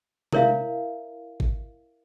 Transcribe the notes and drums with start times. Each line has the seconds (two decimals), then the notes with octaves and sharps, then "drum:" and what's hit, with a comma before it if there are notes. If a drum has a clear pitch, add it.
0.33 E4 A#4 C#5 E5 F5, drum: tom
1.40 drum: kick